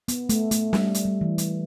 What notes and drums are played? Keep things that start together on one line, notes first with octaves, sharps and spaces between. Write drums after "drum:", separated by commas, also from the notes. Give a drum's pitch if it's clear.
B3, drum: hi-hat
A3, drum: hi-hat
A3, drum: hi-hat
G3, drum: snare
drum: hi-hat
G3
E3
G3, drum: hi-hat